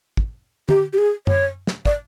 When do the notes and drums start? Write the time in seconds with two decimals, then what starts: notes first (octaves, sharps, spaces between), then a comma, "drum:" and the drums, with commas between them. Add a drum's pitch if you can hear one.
0.17 drum: kick
0.69 G4, drum: tom
0.93 G4
0.98 G#4
1.27 C#5, drum: tom F#2
1.67 drum: snare
1.85 D5, drum: kick